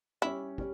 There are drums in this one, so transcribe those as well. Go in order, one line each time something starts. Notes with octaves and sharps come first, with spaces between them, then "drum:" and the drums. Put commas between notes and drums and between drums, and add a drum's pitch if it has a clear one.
G3 C#4 E4 G4
G3 C#4, drum: kick